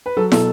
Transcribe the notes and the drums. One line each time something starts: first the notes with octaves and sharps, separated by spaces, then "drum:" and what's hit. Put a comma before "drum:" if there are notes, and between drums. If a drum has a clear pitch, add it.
B4
F#3 A4
B2 A4, drum: snare